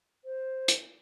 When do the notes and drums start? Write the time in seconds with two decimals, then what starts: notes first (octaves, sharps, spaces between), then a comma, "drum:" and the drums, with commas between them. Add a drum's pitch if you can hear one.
0.25 C5
0.68 drum: hi-hat